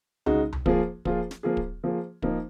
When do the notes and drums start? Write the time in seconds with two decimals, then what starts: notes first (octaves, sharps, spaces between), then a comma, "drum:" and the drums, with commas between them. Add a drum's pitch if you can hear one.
0.26 C#3 G#3 D#4 F#4, drum: tom C2
0.53 drum: tom C2
0.66 F3 A#3 F4 G#4, drum: kick
1.05 F3 A#3 F4 G#4, drum: kick
1.31 drum: snare
1.43 F3 A#3 F4 G#4
1.57 drum: kick
1.84 F3 A#3 F4 G#4
2.22 F3 A#3 D#4, drum: kick